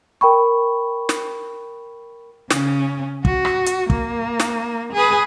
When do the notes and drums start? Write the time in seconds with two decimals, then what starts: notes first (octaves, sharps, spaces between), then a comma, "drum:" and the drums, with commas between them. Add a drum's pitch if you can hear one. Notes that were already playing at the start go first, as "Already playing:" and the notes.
0.21 A#4 G5 B5 C#6
1.09 drum: snare
2.51 C#3 C#4, drum: snare
3.25 F#4, drum: kick
3.45 drum: rim click
3.66 drum: hi-hat
3.90 A#3, drum: kick
4.40 drum: snare
4.93 G#4 B4